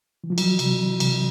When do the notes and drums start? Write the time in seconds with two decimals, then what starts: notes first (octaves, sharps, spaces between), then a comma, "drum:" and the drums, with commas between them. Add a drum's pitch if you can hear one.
0.24 E3
0.30 F3
0.38 E3 F#3, drum: cymbal
0.59 C3, drum: cymbal
0.80 E3
1.00 C3, drum: cymbal